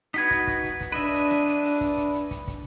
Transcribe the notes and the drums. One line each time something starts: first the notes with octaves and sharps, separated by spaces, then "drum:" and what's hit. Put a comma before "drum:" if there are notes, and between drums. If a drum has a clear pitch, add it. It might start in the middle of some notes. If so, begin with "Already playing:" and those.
D#4 F#4 B4 G#6 B6, drum: hi-hat
drum: kick, hi-hat
drum: kick, hi-hat
drum: hi-hat
drum: kick, hi-hat
D4 B4 D#5 E5
drum: hi-hat
drum: rim click
drum: hi-hat
drum: open hi-hat
drum: kick, hi-hat
drum: hi-hat
drum: hi-hat
drum: kick, hi-hat
drum: kick, hi-hat